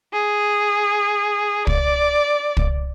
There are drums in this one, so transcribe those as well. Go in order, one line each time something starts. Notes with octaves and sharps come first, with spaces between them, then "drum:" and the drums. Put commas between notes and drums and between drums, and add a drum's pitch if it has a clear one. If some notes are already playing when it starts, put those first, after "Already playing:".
G#4
D5, drum: kick
drum: kick